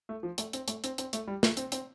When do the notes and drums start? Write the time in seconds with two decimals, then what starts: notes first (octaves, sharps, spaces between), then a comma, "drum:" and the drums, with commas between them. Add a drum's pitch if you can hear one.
0.09 A3
0.23 F3
0.38 A3, drum: hi-hat
0.53 C4, drum: hi-hat
0.68 A3, drum: hi-hat
0.84 C4, drum: hi-hat
0.98 C4, drum: hi-hat
1.13 A3, drum: hi-hat
1.27 G3
1.43 A3, drum: snare
1.57 C4, drum: hi-hat
1.72 C4, drum: hi-hat